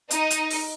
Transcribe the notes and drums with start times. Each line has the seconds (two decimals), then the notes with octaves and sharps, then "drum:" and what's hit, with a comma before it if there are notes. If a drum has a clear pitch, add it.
0.11 D#4, drum: hi-hat
0.30 drum: hi-hat
0.50 drum: open hi-hat